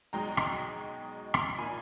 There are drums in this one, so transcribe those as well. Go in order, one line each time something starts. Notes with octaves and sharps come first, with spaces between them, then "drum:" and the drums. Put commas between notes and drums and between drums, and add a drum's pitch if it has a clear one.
B1 B2 G#3 D#4 G5 A#5
drum: rim click
drum: rim click
A#2 A#3 D#4 G#5 B5